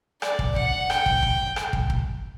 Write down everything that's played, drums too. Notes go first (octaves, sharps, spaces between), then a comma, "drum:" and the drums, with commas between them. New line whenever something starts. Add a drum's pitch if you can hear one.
D5, drum: rim click
drum: kick
F#5, drum: kick
G5, drum: rim click
drum: kick
drum: kick
drum: rim click
drum: kick
drum: kick